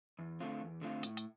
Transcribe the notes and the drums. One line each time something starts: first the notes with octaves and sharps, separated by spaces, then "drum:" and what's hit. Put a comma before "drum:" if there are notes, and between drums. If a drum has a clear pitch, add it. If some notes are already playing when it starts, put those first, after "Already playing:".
E2
D3 A3 C4 F4
E2
D3 A3 C4 F4
A2, drum: hi-hat
drum: hi-hat